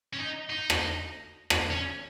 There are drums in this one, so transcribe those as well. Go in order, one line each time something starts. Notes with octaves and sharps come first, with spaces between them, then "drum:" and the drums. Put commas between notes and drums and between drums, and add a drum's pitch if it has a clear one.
C#4
D#4
D#4
drum: rim click
drum: rim click
C#4